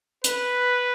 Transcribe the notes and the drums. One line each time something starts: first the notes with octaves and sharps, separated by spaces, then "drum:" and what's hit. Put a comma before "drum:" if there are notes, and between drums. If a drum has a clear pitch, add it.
B4, drum: hi-hat